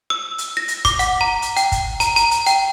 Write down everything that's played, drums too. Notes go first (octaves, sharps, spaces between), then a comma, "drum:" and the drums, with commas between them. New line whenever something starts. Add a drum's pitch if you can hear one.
E6
drum: hi-hat
A#6
drum: hi-hat
D6, drum: kick, hi-hat
F#5, drum: hi-hat
A#5
drum: hi-hat
G5, drum: hi-hat
drum: kick, hi-hat
A#5, drum: hi-hat
A#5, drum: hi-hat
drum: hi-hat
G5, drum: hi-hat